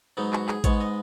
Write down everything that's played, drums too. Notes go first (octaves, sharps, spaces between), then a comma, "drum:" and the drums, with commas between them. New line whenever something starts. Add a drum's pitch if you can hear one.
G#2 F#3 B3 D#4
F#4, drum: clap
G#4, drum: clap
G#2 G#3 B3 C#5, drum: kick A1, hi-hat
D#5